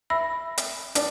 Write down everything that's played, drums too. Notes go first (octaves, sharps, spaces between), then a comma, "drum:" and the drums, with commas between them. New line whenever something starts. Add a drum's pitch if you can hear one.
E5 B5 E6 A#6
drum: hi-hat
D4 D5, drum: hi-hat